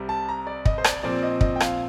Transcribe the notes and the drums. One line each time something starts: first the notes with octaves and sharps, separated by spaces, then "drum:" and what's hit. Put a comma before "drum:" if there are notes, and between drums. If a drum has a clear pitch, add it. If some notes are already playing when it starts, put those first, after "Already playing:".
Already playing: C2 C3 G3
A5
A#5
D5
D#5, drum: kick
C5
D5, drum: rim click
A#2 F3 C4 D5
D#5
D#5, drum: kick
G5
F5, drum: rim click